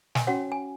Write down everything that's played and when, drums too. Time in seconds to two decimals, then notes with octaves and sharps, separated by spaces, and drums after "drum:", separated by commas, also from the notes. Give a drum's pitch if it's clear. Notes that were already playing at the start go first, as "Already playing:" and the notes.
0.15 G#5, drum: snare
0.27 C#4 F#4 C#5 F#5
0.52 G#5